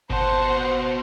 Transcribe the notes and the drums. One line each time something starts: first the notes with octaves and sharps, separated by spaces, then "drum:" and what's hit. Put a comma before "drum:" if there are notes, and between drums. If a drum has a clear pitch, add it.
B2 C5 F#5 A5, drum: kick G1